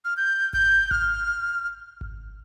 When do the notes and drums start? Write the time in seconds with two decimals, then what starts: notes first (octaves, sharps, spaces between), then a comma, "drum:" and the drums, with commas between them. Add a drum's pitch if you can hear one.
0.05 F6
0.17 G6
0.53 G6, drum: kick G#1
0.91 F6, drum: kick G#1
2.01 drum: kick G#1